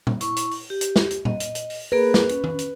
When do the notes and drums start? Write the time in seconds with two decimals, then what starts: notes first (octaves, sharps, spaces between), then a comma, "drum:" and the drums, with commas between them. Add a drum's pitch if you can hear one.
0.07 drum: tom A#2
0.21 E4 C#6, drum: hi-hat
0.36 drum: hi-hat
0.51 drum: open hi-hat
0.70 G4
0.81 drum: hi-hat
0.96 drum: snare
1.10 drum: hi-hat
1.25 D#5, drum: tom A#2
1.40 drum: hi-hat
1.55 drum: hi-hat
1.70 drum: open hi-hat
1.92 A#3 G#4 A#4 B4
2.14 drum: snare
2.29 C#4, drum: hi-hat
2.44 drum: tom
2.59 drum: hi-hat